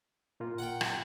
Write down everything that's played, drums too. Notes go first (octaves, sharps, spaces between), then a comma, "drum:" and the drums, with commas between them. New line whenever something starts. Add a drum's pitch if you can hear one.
A#2 A#3 F4
F#5 G5
drum: rim click